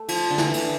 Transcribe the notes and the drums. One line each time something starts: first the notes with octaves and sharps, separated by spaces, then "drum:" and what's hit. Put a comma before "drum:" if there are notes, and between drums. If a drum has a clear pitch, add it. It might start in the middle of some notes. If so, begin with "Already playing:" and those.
Already playing: A3
F3, drum: cymbal
D3
E3, drum: snare
drum: cymbal